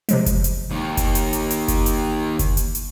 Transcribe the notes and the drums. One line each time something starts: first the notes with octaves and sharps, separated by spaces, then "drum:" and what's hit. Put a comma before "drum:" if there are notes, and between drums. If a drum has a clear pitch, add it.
C3 F3 G#3, drum: hi-hat
drum: kick F#1, hi-hat
drum: hi-hat
D#2
drum: kick F#1, hi-hat
drum: hi-hat
drum: hi-hat
drum: hi-hat
drum: kick F#1, hi-hat
drum: hi-hat
drum: kick F#1, hi-hat
drum: hi-hat
drum: hi-hat